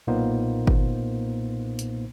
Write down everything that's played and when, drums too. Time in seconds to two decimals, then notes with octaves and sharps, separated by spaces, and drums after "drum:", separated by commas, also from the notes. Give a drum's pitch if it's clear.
0.07 B1 A#2 A#3 B3 D#4 C5
0.67 drum: kick G1
1.79 drum: hi-hat